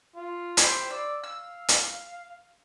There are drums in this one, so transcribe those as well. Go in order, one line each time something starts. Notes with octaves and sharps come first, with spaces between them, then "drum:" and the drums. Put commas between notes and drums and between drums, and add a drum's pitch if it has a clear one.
F4
E4 G4 C5, drum: hi-hat
D5 E6
F5 E6
drum: hi-hat